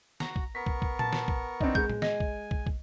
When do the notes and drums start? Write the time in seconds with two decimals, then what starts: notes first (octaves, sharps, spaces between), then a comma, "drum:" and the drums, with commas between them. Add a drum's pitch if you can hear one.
0.20 F#4 A#5, drum: snare
0.36 drum: kick
0.55 B3 A#4 C#6 B6
0.66 drum: kick
0.82 drum: kick
0.99 A5, drum: tom A#2
1.13 drum: snare
1.28 drum: kick
1.61 C4 D4 D#4, drum: kick
1.75 G#3 G6, drum: kick
1.90 drum: tom A2
2.02 D#5 G#5, drum: snare
2.20 drum: kick
2.51 drum: kick
2.66 drum: kick